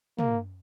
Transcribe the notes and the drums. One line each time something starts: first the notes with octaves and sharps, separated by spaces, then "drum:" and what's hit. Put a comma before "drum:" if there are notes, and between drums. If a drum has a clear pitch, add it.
A#3, drum: tom